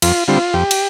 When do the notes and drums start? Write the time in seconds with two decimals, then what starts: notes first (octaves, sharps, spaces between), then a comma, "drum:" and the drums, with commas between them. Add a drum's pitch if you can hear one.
0.02 F2 F4, drum: cymbal
0.28 D3 G3 C4 F4
0.54 F2 G4
0.71 drum: cymbal